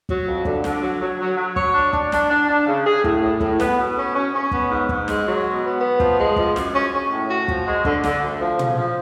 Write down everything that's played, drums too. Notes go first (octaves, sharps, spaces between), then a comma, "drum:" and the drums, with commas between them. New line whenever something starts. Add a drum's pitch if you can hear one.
F#3, drum: kick
F2
D3, drum: kick
D3, drum: snare
F#3
F#3
F#3
F#3
C#5, drum: kick
D4
D4, drum: kick
D4, drum: snare
D4
D4
C#3
G#4
A2, drum: kick
A2
A2, drum: kick
B3, drum: snare
B2
C#4
C#4
C#4
B3, drum: kick
G#2
G#2, drum: kick
G#3, drum: snare
F#3
B2
B3
B3
F3, drum: kick
G#3
F3, drum: kick
F#2, drum: snare
C#4
C#4
A2
F#4
F3, drum: kick
G#3
D3, drum: kick
D3, drum: snare
D2
F3
C#3, drum: tom
F3